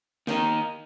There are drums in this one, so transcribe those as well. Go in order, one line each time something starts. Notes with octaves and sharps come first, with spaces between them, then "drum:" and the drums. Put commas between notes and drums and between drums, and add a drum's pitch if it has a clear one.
D#3 A#3 D#4, drum: snare